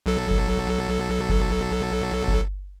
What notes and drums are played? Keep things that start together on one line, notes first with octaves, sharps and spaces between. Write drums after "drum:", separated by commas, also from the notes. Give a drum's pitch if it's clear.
B1 F#3 A4
drum: kick G1
drum: kick G1
drum: kick G1